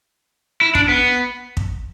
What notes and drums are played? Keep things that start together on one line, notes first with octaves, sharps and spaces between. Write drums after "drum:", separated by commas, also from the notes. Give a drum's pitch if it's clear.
E4
D4, drum: kick
B3
drum: kick